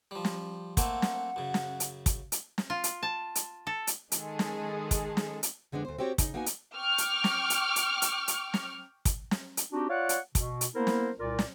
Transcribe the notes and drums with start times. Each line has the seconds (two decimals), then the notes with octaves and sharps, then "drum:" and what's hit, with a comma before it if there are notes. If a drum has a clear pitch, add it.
0.11 F3 G3
0.25 drum: snare
0.77 A3 A#3 C4 F#5, drum: kick, hi-hat
1.02 drum: snare
1.36 F#2 C#3
1.54 drum: snare
1.80 drum: hi-hat
2.06 drum: kick, hi-hat
2.32 drum: hi-hat
2.58 drum: snare
2.70 F4
2.84 drum: hi-hat
3.03 A5
3.35 drum: hi-hat
3.67 A4
3.87 drum: hi-hat
4.12 D#3 G#3 G#4 A4, drum: hi-hat
4.39 drum: snare
4.91 drum: kick, hi-hat
5.17 drum: snare
5.43 drum: hi-hat
5.72 F2 D3 G#3 B3 D4
5.85 D2 C5
5.98 C4 F#4 G4 C5 C#5
6.18 C#3 D#4, drum: kick, hi-hat
6.34 A#3 B3 D#4 F#4 E5 G#5
6.46 drum: hi-hat
6.77 G5 C#6 D6 F6
6.98 drum: hi-hat
7.24 drum: snare
7.50 drum: hi-hat
7.76 drum: hi-hat
8.02 drum: hi-hat
8.28 drum: hi-hat
8.54 drum: snare
9.05 drum: kick, hi-hat
9.31 drum: snare
9.57 drum: hi-hat
9.72 C4 D4 D#4 F#4 G4
9.89 F4 C#5 D5 F5 F#5
10.09 drum: hi-hat
10.35 B2, drum: kick, hi-hat
10.61 drum: hi-hat
10.75 A#3 B3 E4 A#4 C5
10.87 drum: snare
11.19 C2 A#2 F4 A#4 D5
11.39 drum: snare